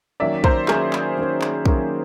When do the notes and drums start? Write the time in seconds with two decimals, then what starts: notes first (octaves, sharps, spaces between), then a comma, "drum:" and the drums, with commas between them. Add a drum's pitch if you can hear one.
0.20 D#3 F#3 A#3 C#4 D5 E5
0.44 A#4 C5, drum: kick
0.68 D#3 F#3 A#3 C#4 G#4 A#4, drum: clap
0.93 drum: clap
1.17 D#3 F#3 A#3 C#4
1.42 drum: clap
1.66 D#3 F#3 A#3 C#4, drum: kick